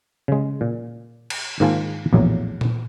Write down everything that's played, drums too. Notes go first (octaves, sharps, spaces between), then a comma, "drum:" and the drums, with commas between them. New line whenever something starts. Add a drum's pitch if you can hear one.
C#3 G#3
A#2
drum: cymbal
G#2 D#3 A#3 F4 G#5 A5
A#1 E2 A2 F#3
drum: tom A#2